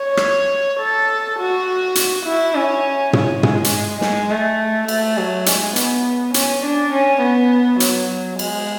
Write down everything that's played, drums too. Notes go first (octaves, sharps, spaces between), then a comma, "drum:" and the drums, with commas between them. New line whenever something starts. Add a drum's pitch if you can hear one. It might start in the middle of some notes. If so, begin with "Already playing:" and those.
Already playing: C#5
drum: rim click
A4
F#4
drum: hi-hat
E4
C#4
C#4, drum: tom
G#3, drum: tom
drum: hi-hat
G#3, drum: snare
A3
A3, drum: cymbal
F#3
G#3, drum: hi-hat
B3, drum: hi-hat
C#4, drum: hi-hat
D4
C#4
B3
F#3, drum: hi-hat
G#3, drum: cymbal